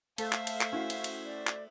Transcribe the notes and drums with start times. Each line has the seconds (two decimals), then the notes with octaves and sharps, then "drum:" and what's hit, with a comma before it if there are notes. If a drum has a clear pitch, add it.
0.18 A3 A4 C5 E5 F5, drum: cymbal
0.33 drum: clap
0.47 drum: cymbal
0.61 drum: clap
0.72 C#4 E4 F#4
0.90 drum: cymbal
1.04 drum: cymbal
1.25 D5
1.47 drum: clap